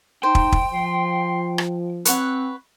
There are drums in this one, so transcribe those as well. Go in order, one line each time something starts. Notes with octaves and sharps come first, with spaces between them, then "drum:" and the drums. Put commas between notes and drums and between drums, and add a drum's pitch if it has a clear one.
D#4 C5 G5
drum: kick
drum: kick
F3 C6
drum: rim click
C4 B4 C#5 F#5, drum: hi-hat